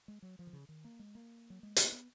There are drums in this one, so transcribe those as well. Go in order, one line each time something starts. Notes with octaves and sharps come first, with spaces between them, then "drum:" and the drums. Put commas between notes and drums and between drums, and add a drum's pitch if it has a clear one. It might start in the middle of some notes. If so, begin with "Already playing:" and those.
G#3
F#3
F3
D#3
C#3
D#3
A#3
G#3
A#3
F#3
G#3
A#3, drum: hi-hat
B3